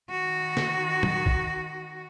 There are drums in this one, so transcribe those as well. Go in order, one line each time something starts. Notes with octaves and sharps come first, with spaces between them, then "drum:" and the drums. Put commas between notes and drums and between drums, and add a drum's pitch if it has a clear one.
D#3 F#4
drum: snare
drum: tom
drum: kick